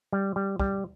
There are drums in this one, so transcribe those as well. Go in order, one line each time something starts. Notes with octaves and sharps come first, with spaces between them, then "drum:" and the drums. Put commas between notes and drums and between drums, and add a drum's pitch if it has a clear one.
G3
G3
G3, drum: kick